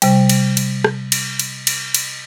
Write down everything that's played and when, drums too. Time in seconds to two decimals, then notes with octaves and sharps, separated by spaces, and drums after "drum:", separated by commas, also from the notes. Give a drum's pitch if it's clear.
0.02 C3 G3, drum: cymbal
0.29 drum: cymbal
0.57 drum: cymbal
0.84 drum: rim click
1.12 drum: cymbal
1.39 drum: cymbal
1.67 drum: cymbal
1.94 drum: cymbal